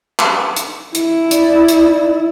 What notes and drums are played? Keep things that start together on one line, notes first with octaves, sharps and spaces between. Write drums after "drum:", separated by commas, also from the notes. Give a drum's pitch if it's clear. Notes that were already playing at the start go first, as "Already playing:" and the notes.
drum: clap
drum: hi-hat
E4, drum: hi-hat
D5, drum: hi-hat
drum: hi-hat